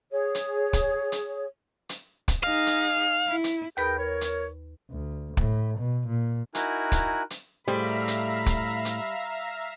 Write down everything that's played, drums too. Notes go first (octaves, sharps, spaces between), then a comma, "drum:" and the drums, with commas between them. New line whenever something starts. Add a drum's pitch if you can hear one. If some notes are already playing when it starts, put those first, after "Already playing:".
G#4 C#5
drum: hi-hat
drum: kick, hi-hat
drum: hi-hat
drum: hi-hat
drum: kick, hi-hat
D#4 G#4 F5
drum: hi-hat
E4
drum: hi-hat
D#2 G#4 A#4 B4 G5 B5
A#4 C#5
drum: hi-hat
D2
A2, drum: kick
B2
A#2
D#4 E4 F#4 A#4 G#5 F#6, drum: hi-hat
drum: kick, hi-hat
drum: hi-hat
A2 G3 G#4 C5 E5 F5 A#5 B5
drum: hi-hat
drum: kick, hi-hat
drum: hi-hat